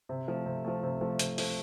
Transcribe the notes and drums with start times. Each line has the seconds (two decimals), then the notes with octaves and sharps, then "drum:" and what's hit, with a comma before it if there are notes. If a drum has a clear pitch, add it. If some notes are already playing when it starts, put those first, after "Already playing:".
0.09 C3
0.28 F3 A3
0.46 C3
0.64 F3 A3
0.83 C3
1.01 F3 A3
1.19 C3, drum: hi-hat
1.38 F3 A3, drum: open hi-hat